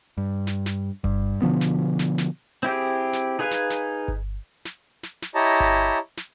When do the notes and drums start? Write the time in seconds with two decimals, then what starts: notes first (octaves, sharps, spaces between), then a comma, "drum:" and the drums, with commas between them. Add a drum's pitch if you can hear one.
0.18 G2
0.47 drum: snare
0.66 drum: snare
1.04 G2, drum: kick G1
1.42 B2 D3 F3 B3
1.61 drum: snare
1.99 drum: snare
2.18 drum: snare
2.63 C4 E4 G4 G#4
3.13 drum: snare
3.39 D#4 G#4 B4 F5 G#5
3.51 drum: snare
3.70 drum: snare
4.08 drum: kick G1
4.65 drum: snare
5.03 drum: snare
5.22 drum: snare
5.35 E4 G4 C#5 D#5 A5 A#5
5.60 drum: kick G1
6.17 drum: snare